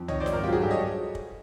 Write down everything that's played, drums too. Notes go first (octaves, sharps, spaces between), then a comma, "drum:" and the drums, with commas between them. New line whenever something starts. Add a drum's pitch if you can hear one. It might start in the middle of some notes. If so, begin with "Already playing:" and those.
Already playing: F2
D#3 C#5 D#5, drum: tom
C5 D5
G#2, drum: snare F4
A#4 C5
F#3 F4 G4
F#4 G#4
G2 G4 A4
C#5 D#5
drum: kick